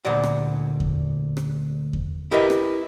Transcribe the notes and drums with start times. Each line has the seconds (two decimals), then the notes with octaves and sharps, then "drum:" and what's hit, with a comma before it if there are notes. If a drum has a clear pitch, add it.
0.05 D2 A#2 C5 D5 F#5
0.23 drum: rim click
0.80 drum: kick E2
1.37 drum: rim click
1.93 drum: kick E2
2.31 E4 G4 A#4 B4 D#5 E5
2.50 drum: rim click